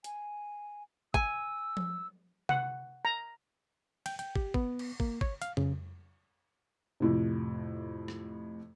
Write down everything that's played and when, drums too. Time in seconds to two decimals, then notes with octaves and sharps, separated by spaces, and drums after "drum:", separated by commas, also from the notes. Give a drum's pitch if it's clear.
0.04 G#5, drum: hi-hat
1.14 G#5 E6, drum: kick
1.77 drum: tom F3
2.49 F#5, drum: tom C3
3.05 A#5
4.06 G5, drum: cymbal
4.19 G5, drum: hi-hat
4.36 G4, drum: kick
4.54 B3, drum: kick
4.79 drum: cymbal
5.00 A#3, drum: kick
5.21 C#5, drum: kick
5.42 F5, drum: hi-hat
5.57 C#3, drum: tom F2
7.00 F2 A2 C3
8.08 drum: rim click